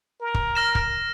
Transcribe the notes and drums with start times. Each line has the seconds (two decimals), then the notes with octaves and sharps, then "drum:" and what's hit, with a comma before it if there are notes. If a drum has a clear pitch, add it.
0.21 A#4
0.34 drum: kick
0.55 F6 A#6 E7
0.75 drum: kick